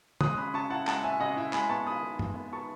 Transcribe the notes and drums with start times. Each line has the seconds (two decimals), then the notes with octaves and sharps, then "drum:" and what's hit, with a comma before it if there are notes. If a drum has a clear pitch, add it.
0.21 G#3 D#6 F#6, drum: tom
0.37 C#4 B5 D#6
0.54 C#3 A5 C#6
0.70 E4 F#5 A5
0.87 G#3 F#5 A5, drum: clap
1.03 C#4 E5 G#5
1.20 C#3 D#5 F#5
1.37 E4 E5
1.53 G#3 G#5 B5, drum: clap
1.69 B3 A5 C#6
1.87 D#3 B5 D#6
2.03 D#3
2.19 G#3, drum: tom
2.35 B3
2.53 D#3 A5 C#6